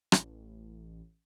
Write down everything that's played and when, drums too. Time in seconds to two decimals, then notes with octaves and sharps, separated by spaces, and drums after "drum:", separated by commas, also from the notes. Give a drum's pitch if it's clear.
0.12 A1, drum: rim click